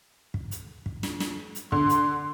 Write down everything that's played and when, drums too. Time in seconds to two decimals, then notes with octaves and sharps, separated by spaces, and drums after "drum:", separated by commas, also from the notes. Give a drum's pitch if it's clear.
0.34 drum: kick
0.51 drum: hi-hat
0.86 drum: kick
1.03 drum: snare
1.20 drum: snare
1.55 drum: hi-hat
1.72 D3 C6, drum: kick
1.89 drum: hi-hat